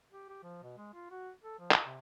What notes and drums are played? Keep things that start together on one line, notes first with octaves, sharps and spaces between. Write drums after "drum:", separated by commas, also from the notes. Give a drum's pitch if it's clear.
G4
G4
F3
B2
G#3
F4
F#4
A4
F3
F4, drum: clap
C3